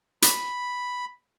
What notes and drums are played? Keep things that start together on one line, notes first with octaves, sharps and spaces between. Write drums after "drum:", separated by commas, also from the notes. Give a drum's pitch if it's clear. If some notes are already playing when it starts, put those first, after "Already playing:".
B5, drum: hi-hat